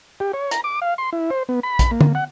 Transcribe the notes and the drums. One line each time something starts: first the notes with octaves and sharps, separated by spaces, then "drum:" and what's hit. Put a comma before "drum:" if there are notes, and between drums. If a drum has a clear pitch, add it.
G4
C#5
A#5, drum: hi-hat
D6
F5
C6
E4
C5
B3
B5
drum: kick A#1, hi-hat
A#3
drum: tom D3
F#5